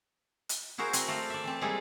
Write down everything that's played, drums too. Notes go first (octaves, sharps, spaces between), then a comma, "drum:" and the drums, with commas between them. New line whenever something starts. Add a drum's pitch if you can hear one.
drum: hi-hat
E4 F#4 G#4 A#4 C5
C4, drum: hi-hat
A3 D5 F5
D5 E5
E3 C4
G3 G#3 A#3 E4 G#4 A4